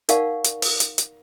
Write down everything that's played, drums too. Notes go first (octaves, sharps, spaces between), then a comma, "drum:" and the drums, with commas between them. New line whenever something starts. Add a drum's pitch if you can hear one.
D#4 A#4 D5 F5 F#5 C#6, drum: hi-hat
drum: hi-hat
drum: open hi-hat
drum: hi-hat
drum: hi-hat